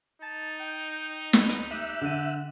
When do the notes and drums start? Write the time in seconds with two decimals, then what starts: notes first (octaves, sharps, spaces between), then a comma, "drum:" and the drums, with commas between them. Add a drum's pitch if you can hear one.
0.22 D#4 A5
0.60 G5
1.33 B4, drum: snare
1.49 drum: hi-hat
1.71 G4 E5 F#6
2.01 D3 D#7